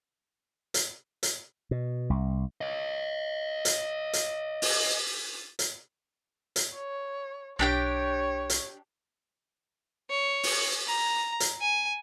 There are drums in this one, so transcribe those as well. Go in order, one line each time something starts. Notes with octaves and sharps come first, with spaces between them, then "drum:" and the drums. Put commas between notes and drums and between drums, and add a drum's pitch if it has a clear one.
drum: hi-hat
drum: hi-hat
B2
C2
C#5 D#5
drum: hi-hat
drum: hi-hat
drum: open hi-hat
drum: hi-hat
drum: hi-hat
C#5
B1 D4 G4 C#5 G5
drum: hi-hat
C#5
drum: open hi-hat
A#5
drum: hi-hat
G#5